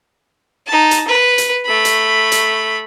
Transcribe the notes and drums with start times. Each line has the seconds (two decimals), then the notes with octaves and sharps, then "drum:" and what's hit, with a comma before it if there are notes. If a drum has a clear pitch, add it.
0.68 D#4 A5
0.91 drum: hi-hat
1.07 B4
1.38 drum: hi-hat
1.66 A3 B5
1.85 drum: hi-hat
2.32 drum: hi-hat